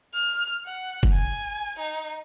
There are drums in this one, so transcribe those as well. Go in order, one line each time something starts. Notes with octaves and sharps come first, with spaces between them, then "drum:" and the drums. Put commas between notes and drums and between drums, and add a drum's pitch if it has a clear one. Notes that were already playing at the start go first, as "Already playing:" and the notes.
F6
F#5
drum: kick F#1
G#5
D#4